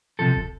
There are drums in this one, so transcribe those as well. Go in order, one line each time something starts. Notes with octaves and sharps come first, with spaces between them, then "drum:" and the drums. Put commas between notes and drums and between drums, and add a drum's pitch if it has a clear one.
C3 F3 A4
drum: kick E1